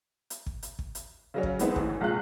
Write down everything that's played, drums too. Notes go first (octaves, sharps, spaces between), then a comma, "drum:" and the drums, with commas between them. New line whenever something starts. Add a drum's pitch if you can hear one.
drum: hi-hat
drum: kick
drum: hi-hat
drum: kick
drum: hi-hat
C#3 F#3 C#4
drum: kick
E3 G#3 B3 C4 D#4, drum: hi-hat
G1 D2 A2 E3, drum: kick
F1 A#1 G#3 F4 F#6